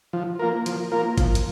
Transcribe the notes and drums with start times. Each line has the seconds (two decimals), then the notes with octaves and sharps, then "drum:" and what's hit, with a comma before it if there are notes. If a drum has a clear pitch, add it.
0.13 F3
0.39 A#3 F4 A#4
0.66 F3, drum: hi-hat
0.92 A#3 F4 A#4
1.18 F3, drum: kick G#1, hi-hat
1.35 drum: hi-hat